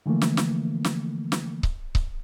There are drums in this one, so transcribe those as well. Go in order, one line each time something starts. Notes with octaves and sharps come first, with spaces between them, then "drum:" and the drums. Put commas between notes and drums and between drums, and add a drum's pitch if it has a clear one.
D3 E3 F3 A3 A#3
drum: snare
drum: snare
drum: snare
drum: snare
drum: kick C#1
drum: kick C#1